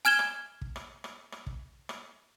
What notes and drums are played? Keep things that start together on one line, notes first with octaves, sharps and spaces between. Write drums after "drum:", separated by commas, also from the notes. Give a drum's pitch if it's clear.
G#5 F6 G#6 E7 G7
drum: rim click
drum: kick
drum: rim click
drum: rim click
drum: rim click
drum: kick
drum: rim click